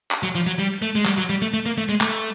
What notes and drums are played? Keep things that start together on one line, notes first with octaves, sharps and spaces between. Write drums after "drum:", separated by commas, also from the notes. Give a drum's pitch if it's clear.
drum: clap
F#3
F3
F#3
G3
A3
G#3
G3, drum: clap
F#3
G3
A3
A3
A#3
A3
G#3
A3, drum: clap